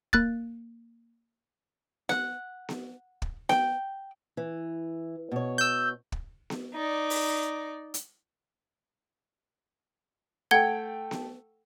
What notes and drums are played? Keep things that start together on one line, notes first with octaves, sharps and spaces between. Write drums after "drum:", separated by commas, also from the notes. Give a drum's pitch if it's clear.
A#3 F#6 A6, drum: kick
F#5, drum: snare B3
drum: snare B3
drum: kick
G5, drum: snare B3
E3
B2 C#5
E6 G6
drum: kick
drum: snare B3
D#4 D5
drum: open hi-hat
drum: hi-hat
A3 F#5 G5 G#6 G7
drum: snare B3